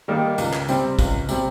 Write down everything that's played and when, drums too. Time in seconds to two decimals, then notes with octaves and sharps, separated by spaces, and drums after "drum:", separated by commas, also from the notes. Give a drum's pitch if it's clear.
0.08 D#3 G3 A#3 D#4
0.38 C#2, drum: tambourine
0.53 drum: clap
0.69 C3 G3 C4, drum: tambourine
0.99 C#2, drum: kick, tambourine
1.29 C3 G3 C4, drum: tambourine